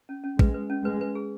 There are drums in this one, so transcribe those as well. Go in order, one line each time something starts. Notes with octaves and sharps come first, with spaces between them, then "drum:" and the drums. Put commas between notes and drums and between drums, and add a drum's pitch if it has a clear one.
C#4
C#4
G#3 B4, drum: kick
B4
C#4
G#3 B4
B4
G#4